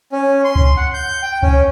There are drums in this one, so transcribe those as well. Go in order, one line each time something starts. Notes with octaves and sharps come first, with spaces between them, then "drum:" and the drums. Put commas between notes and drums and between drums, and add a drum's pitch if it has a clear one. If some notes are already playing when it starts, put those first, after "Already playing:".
C#4
C6
drum: kick C#2
F#5
G6
G5
C#4, drum: kick C#2